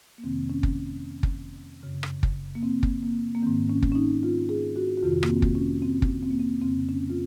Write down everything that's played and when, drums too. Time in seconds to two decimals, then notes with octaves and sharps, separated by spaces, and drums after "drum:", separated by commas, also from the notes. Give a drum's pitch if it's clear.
0.18 A#3
0.24 F2 C3 D#3 C4
0.50 C#4
0.63 drum: kick
1.23 drum: kick
1.83 F#2 C#3
2.03 drum: rim click
2.23 drum: kick
2.55 A#3
2.63 C4
2.83 drum: kick
3.03 A#3
3.35 A#3
3.42 G#2 D#3 C4
3.70 C#4
3.83 drum: kick
3.92 C#4
3.95 D#4
4.23 F4
4.49 G#4
4.76 F#4
4.97 F#4
5.03 F2 C3 D#3 F4
5.23 A#3, drum: rim click
5.29 C4
5.42 drum: kick
5.55 C#4
5.82 C4
6.02 drum: kick
6.22 C4
6.31 A#3
6.39 C4
6.62 F2 C#3 C4
6.89 C#4
7.10 F4